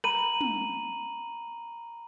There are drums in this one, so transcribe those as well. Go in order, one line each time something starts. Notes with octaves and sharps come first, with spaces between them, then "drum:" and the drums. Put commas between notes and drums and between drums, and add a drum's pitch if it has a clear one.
A#5 B5 D#7 F#7, drum: rim click
drum: tom